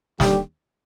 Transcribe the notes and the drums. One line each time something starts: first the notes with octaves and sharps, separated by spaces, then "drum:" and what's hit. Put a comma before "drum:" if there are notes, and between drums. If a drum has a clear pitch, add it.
D#2 D3 G3 D4 G4, drum: snare